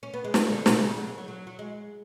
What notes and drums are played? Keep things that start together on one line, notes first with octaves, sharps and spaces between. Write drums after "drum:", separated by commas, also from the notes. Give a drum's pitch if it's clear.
C#4
B3
G#3
F3, drum: snare
D3
B2, drum: snare
C#3
D3
F#3
G#3
F#3
F#3
F#3
G#3